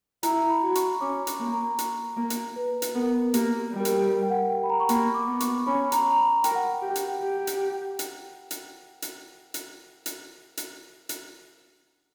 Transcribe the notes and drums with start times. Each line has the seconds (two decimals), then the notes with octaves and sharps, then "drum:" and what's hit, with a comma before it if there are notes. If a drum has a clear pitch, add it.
0.23 E4 A#5, drum: hi-hat
0.49 B5
0.62 F#4
0.75 C#6, drum: hi-hat
1.01 C#4 D6
1.27 C#6, drum: hi-hat
1.40 A#3
1.52 A#5
1.79 drum: hi-hat
2.17 A#3
2.30 drum: hi-hat
2.56 B4
2.82 drum: hi-hat
2.95 B3 A#4
3.34 A#3 G4, drum: hi-hat
3.59 G4
3.72 G3
3.80 A#4
3.85 G4, drum: hi-hat
4.22 G5
4.30 F#5
4.50 G5
4.63 B5
4.69 A#5
4.80 C#6
4.89 A#3 B5, drum: hi-hat
5.14 D6
5.27 B3
5.40 C#6, drum: hi-hat
5.66 C#4 B5
5.92 A#5, drum: hi-hat
6.12 A#5
6.18 B5
6.44 A#4 G5, drum: hi-hat
6.55 F#5
6.65 G5
6.82 G4
6.96 drum: hi-hat
7.21 G4
7.47 drum: hi-hat
7.99 drum: hi-hat
8.51 drum: hi-hat
9.02 drum: hi-hat
9.54 drum: hi-hat
10.06 drum: hi-hat
10.57 drum: hi-hat
11.09 drum: hi-hat